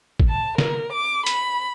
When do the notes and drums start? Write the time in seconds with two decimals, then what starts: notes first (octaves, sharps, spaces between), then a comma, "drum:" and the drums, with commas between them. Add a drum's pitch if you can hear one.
0.20 drum: kick
0.29 A5
0.58 A#4, drum: snare
0.93 D6
1.26 B5, drum: hi-hat